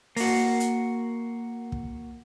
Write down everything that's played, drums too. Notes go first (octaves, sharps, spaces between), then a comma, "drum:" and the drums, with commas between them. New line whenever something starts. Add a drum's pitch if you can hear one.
A#3 F#4, drum: open hi-hat
drum: hi-hat
drum: kick